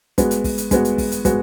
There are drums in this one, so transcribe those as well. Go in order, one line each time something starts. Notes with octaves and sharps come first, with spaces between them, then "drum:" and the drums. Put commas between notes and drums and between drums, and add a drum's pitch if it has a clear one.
G#3 B3 F#4, drum: kick, hi-hat
drum: hi-hat
drum: kick, open hi-hat
drum: hi-hat
G#3 B3 F#4, drum: kick, hi-hat
drum: hi-hat
drum: kick, open hi-hat
drum: hi-hat
G#3 B3 F#4, drum: kick, hi-hat